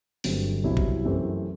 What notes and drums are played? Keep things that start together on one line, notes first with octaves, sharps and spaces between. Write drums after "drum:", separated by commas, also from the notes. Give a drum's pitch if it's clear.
G1 G2 F#3 A3 C4, drum: open hi-hat
C2 B2 F#3 C4 E4
drum: kick A1
F#2 E3 A3 C4 G4